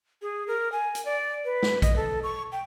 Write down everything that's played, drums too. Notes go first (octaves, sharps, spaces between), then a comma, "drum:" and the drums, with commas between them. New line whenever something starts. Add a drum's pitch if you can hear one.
G#4
A#4
G#5
drum: hi-hat
D5
B4
drum: snare
D#5, drum: kick A#1, hi-hat
A4
C#6
G5